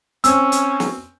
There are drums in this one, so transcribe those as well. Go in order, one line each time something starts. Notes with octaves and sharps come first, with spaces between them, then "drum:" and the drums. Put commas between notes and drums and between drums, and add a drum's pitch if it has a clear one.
C4 C#4 E6, drum: hi-hat
drum: hi-hat
drum: snare